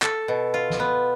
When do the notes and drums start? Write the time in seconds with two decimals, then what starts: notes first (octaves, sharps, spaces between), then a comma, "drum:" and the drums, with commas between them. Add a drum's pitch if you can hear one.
0.02 A4, drum: clap
0.28 B2
0.54 F4
0.70 drum: snare
0.80 B3